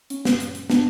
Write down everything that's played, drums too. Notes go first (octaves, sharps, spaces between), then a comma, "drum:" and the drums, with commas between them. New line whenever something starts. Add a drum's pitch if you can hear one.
C#4, drum: hi-hat
drum: snare
drum: hi-hat
drum: hi-hat
B3 D4, drum: snare